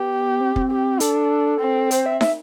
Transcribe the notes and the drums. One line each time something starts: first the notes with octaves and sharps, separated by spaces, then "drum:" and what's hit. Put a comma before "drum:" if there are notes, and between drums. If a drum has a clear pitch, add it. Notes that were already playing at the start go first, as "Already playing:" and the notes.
Already playing: B3 G4
C4
C4, drum: kick
G4
D4 A4, drum: hi-hat
C4
C5, drum: hi-hat
E5
E5, drum: snare